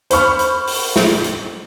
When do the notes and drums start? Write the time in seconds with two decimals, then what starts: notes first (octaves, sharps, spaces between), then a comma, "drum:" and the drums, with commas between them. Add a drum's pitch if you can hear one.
0.10 C5 B5 C#6 F6, drum: hi-hat
0.39 drum: hi-hat
0.67 drum: open hi-hat
0.96 drum: snare
1.24 drum: hi-hat